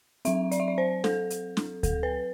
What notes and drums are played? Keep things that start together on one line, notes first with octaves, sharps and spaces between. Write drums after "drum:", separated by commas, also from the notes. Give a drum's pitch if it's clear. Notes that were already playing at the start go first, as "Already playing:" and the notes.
F#3 C4 E5, drum: hi-hat
D5, drum: hi-hat
E5
D5
C5
A4, drum: snare
drum: hi-hat
drum: snare
A4, drum: kick D2, hi-hat
B4